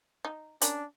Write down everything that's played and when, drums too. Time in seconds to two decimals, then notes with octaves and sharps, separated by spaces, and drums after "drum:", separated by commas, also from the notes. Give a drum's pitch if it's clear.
0.25 D#4
0.61 C#4 D4 A#4, drum: hi-hat